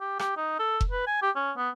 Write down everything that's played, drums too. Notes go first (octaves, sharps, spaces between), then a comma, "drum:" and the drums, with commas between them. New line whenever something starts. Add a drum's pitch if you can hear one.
G4
G4, drum: rim click
D#4
A4
drum: kick F1
B4
G#5
G4
C#4
B3